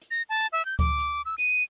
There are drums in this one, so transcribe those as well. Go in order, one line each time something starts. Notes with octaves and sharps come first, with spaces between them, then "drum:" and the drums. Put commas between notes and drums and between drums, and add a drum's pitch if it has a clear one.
drum: hi-hat
A#6
A5
drum: hi-hat
E5
G6
D6, drum: kick D2, hi-hat
drum: hi-hat
E6
D#7, drum: hi-hat